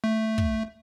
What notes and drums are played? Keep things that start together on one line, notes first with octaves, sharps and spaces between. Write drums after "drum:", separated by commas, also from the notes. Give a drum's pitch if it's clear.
A3
drum: kick